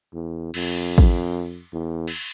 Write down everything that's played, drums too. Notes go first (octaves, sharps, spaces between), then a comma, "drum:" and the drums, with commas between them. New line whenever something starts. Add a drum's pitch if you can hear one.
E2
F2, drum: cymbal
drum: kick
E2
drum: cymbal